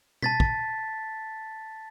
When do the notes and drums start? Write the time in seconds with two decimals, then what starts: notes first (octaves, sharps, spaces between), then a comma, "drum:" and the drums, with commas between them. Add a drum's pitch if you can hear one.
0.22 A5 A6 B6, drum: tom B2
0.40 drum: kick